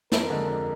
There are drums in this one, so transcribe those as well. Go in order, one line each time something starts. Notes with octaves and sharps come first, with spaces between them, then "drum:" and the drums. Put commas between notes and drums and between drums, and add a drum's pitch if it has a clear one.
F2 A#4, drum: snare
D3 G#3
F2